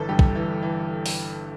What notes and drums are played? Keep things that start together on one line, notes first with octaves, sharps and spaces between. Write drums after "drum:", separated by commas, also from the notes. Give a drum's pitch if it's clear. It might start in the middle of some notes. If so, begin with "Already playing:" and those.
Already playing: G1 E3 A4 B4
G2 G4
drum: kick
E3
E3
drum: open hi-hat